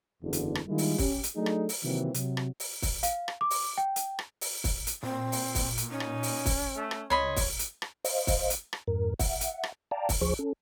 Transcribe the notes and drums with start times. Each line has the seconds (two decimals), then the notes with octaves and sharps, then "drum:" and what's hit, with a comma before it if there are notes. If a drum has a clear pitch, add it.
0.23 F#1 E2 D3
0.33 drum: hi-hat
0.55 drum: rim click
0.67 D#3 G3 G#3 A#3 E4 F4
0.78 drum: open hi-hat
0.98 C#4 G4, drum: kick, open hi-hat
1.23 drum: hi-hat
1.36 F#3 A3 D4 D#4 G#4 A4
1.46 drum: rim click
1.69 drum: open hi-hat
1.84 C3 D#3 E3 F#3 A#3 C4
2.14 C3 F#3, drum: hi-hat
2.37 drum: rim click
2.60 drum: open hi-hat
2.82 drum: kick, open hi-hat
3.03 F5, drum: hi-hat
3.28 drum: rim click
3.41 D6
3.50 drum: open hi-hat
3.78 G5
3.96 drum: hi-hat
4.19 drum: rim click
4.41 drum: open hi-hat
4.64 drum: kick, open hi-hat
4.87 drum: hi-hat
5.03 A#2 C4
5.32 drum: open hi-hat
5.55 drum: kick, open hi-hat
5.78 drum: hi-hat
5.91 C#4 D#4
6.00 drum: rim click
6.23 drum: open hi-hat
6.46 drum: kick, open hi-hat
6.76 A3
6.91 drum: rim click
7.10 C#2 C#5 D#5 B5 C6
7.36 drum: kick, open hi-hat
7.59 drum: hi-hat
7.82 drum: rim click
8.05 C5 D#5 F5, drum: open hi-hat
8.27 drum: kick, open hi-hat
8.50 drum: hi-hat
8.73 drum: rim click
8.87 F2 G#2 A#4
9.19 E5 F#5, drum: kick, open hi-hat
9.41 drum: hi-hat
9.63 drum: rim click
9.91 D5 F5 G5 A5 A#5
10.09 drum: kick, open hi-hat
10.21 D2 F3 G#4 C5 C#6
10.39 C#4 A4